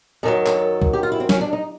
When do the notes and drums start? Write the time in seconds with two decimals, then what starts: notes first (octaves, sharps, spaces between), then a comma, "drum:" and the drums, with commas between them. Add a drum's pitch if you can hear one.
0.23 F#2 D#3 F#3 A4
0.46 A4, drum: clap
0.82 drum: kick
0.93 G4
1.03 F4
1.12 E4
1.20 C4
1.29 C#4, drum: snare
1.41 D4
1.53 D#4